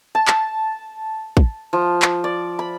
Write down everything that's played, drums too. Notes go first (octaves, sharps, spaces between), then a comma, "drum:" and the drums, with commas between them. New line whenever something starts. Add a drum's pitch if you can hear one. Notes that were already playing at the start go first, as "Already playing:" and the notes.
A5
drum: clap
drum: kick
F3
drum: clap
D5
B5